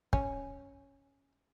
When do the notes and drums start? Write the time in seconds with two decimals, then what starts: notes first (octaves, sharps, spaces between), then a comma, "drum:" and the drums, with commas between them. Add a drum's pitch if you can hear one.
0.13 C#4, drum: kick